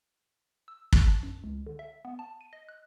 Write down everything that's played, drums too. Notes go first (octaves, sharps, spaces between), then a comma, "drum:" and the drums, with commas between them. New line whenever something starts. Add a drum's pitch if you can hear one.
E6
C#6, drum: kick
A5
F#2
C#2
D3
E5
B3
A5
D#7
D#5
F#6